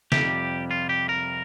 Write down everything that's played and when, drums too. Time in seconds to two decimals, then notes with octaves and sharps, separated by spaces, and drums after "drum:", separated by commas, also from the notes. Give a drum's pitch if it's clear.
0.12 F2 C3 G3 G4, drum: snare
0.71 F4
0.89 G4
1.09 A#4